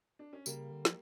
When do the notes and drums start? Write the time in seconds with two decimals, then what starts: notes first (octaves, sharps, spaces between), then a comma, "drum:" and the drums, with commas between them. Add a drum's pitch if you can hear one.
0.19 D4
0.33 C#4
0.46 C#3 G3 A#3, drum: tambourine
0.71 D3
0.85 F3, drum: snare